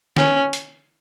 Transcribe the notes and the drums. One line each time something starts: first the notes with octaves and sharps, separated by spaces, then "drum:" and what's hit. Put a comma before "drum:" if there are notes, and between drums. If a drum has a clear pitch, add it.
C#4, drum: snare
drum: hi-hat